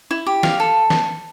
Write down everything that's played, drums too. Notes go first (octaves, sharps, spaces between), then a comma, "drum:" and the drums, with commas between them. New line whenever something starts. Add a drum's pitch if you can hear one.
E4
G4
F5, drum: snare
A4
drum: snare